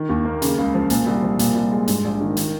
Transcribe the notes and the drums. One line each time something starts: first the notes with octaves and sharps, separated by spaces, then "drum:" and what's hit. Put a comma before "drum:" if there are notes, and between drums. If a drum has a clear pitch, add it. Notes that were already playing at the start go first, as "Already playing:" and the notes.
Already playing: D#3
D#2
A#3
C#3, drum: hi-hat
C#2
F3
A#2, drum: hi-hat
C2
F3
A#2, drum: hi-hat
C2
G#3
G#2, drum: hi-hat
A#1
D#3
D#3, drum: hi-hat